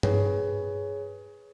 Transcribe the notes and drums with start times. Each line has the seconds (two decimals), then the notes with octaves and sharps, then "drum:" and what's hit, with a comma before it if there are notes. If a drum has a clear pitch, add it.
0.03 G#4 B4 C#5, drum: tom G2